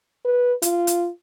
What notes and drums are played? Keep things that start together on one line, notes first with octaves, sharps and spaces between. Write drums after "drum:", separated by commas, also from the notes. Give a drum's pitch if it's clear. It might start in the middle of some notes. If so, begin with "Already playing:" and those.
B4
F4, drum: hi-hat
drum: hi-hat